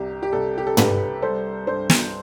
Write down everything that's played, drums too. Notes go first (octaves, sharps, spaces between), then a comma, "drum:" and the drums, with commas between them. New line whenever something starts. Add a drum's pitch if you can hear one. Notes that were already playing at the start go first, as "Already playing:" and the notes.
Already playing: C2 C3 G4
G4
C2 A4
G4
A4
C2 G4 B4, drum: tom
G3 A4 C5
G2 A4 C5
drum: snare